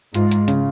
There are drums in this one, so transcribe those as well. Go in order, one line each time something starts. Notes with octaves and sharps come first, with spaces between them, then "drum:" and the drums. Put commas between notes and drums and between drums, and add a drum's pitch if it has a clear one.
G#2 F4, drum: hi-hat
drum: hi-hat
C#3, drum: hi-hat